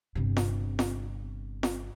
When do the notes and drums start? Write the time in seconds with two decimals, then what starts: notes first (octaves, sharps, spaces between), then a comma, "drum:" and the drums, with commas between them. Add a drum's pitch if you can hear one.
0.15 G1 C3
0.37 drum: snare
0.79 drum: snare
1.63 drum: snare